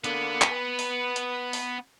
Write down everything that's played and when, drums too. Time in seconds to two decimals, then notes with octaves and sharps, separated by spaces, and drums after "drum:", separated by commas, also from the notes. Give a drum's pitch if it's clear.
0.04 D3 A#3 B3, drum: hi-hat
0.42 drum: clap
0.51 B4
0.79 drum: open hi-hat
1.16 drum: hi-hat
1.53 drum: open hi-hat